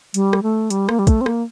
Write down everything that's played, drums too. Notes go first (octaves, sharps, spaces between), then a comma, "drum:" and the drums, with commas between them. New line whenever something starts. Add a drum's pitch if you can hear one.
G3, drum: hi-hat
drum: rim click
A3
G3, drum: hi-hat
A#3, drum: rim click
G3
A3, drum: kick, hi-hat
C4
A#3, drum: rim click